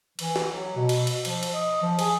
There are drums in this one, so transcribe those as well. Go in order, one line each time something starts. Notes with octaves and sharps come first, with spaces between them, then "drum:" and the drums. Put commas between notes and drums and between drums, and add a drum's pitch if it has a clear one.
E3, drum: cymbal
drum: snare
F#3
B2
drum: cymbal
drum: cymbal
F3, drum: cymbal
drum: cymbal
D#5
F3
G#4, drum: cymbal